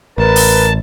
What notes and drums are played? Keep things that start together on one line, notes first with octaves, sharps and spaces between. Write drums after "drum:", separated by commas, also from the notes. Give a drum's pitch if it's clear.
A1 A#4 B4 A5
drum: open hi-hat